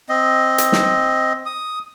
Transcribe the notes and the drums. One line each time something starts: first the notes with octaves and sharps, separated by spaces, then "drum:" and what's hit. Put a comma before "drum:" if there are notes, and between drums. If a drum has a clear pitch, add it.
C4 D#5
drum: hi-hat
drum: snare
D#6